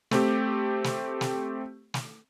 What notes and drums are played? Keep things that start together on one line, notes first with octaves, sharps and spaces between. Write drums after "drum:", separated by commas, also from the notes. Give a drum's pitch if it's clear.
A3 C4 G4, drum: snare
drum: snare
drum: snare
drum: snare